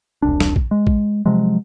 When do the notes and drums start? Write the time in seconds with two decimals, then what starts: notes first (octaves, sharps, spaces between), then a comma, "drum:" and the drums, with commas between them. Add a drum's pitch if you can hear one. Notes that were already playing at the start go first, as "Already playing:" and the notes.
0.22 E1 C2 D4
0.40 drum: snare
0.56 drum: kick A#1
0.71 G#3
0.87 drum: kick A#1
1.26 C3 F3 F#3 G#3